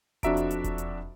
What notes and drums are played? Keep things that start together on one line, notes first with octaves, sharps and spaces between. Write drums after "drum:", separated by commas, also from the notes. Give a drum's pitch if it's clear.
F2 D4 F#4 E5 A#5 D7, drum: kick E1, hi-hat
drum: hi-hat
drum: hi-hat
drum: kick E1, hi-hat
drum: hi-hat